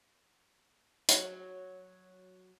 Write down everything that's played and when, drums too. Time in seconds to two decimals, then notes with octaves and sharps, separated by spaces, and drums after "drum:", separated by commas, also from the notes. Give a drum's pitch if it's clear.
1.09 F#3 F#4, drum: hi-hat